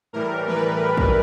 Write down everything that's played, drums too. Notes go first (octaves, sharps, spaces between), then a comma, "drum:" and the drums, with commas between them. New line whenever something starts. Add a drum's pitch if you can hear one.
A2 E3 G3 A#4
B4, drum: tom
drum: kick